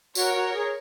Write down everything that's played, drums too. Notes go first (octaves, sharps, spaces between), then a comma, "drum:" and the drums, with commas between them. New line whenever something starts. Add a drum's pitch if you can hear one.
F#4 A#4 C#5, drum: tambourine
F#4
G#4